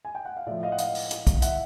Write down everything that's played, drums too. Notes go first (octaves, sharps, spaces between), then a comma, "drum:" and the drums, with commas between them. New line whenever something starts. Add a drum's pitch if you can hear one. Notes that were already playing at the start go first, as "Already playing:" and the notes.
G#5
G5
F#5
F5
A2 F3 D5 E5
D#5 F5
F#5
D#5 F5, drum: hi-hat
drum: open hi-hat
drum: hi-hat
drum: kick, hi-hat
E5 F#5, drum: hi-hat